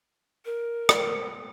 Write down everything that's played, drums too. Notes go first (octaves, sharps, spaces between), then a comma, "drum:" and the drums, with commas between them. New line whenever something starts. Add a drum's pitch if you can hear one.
A#4
drum: rim click